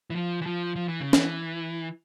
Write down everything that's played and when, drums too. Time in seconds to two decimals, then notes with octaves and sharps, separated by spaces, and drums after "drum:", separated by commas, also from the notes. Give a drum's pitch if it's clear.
0.10 E3
0.16 F3
0.42 E3
0.46 F3
0.76 F3
0.88 E3
1.01 C#3
1.13 E3, drum: snare C#4